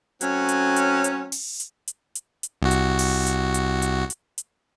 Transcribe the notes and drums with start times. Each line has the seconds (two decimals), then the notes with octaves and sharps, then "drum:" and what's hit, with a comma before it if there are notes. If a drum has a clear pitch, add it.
0.21 F#3 A3 C4 C#4, drum: hi-hat
0.49 drum: hi-hat
0.76 drum: hi-hat
1.04 drum: hi-hat
1.32 drum: open hi-hat
1.60 drum: hi-hat
1.88 drum: hi-hat
2.15 drum: hi-hat
2.43 drum: hi-hat
2.62 C2 F#4
2.71 drum: hi-hat
2.99 drum: open hi-hat
3.27 drum: hi-hat
3.54 drum: hi-hat
3.82 drum: hi-hat
4.10 drum: hi-hat
4.38 drum: hi-hat